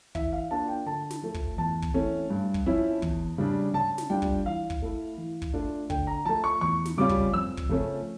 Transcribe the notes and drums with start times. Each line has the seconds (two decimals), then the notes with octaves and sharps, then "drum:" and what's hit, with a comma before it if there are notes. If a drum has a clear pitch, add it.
0.15 E3 E5, drum: kick
0.33 F5
0.51 A#3 D4 F4 A5
0.68 G5
0.86 D3 A5
1.10 drum: snare
1.23 F3 A3
1.34 drum: kick
1.58 E2 A5
1.82 drum: kick
1.94 E3 A3 C#4
2.30 G2
2.54 drum: kick
2.66 F3 C#4 E4
3.02 E2, drum: kick
3.38 C#3 G3 D4
3.74 C#3 A5
3.98 drum: snare
4.10 G3 D4 F4 G5
4.22 drum: kick
4.46 E3 F5
4.70 drum: kick
4.82 A3 E4
5.18 E3
5.42 drum: kick
5.53 A3 D4 F4
5.90 D3 G5, drum: kick
6.07 A#5
6.25 F3 A3 A5
6.44 C#6
6.61 E2 C#6
6.85 drum: snare
6.98 C#3 G3 C#4 F4 D6
7.09 drum: kick
7.33 F2 E6
7.57 drum: kick
7.69 C#3 F3 A3 C#4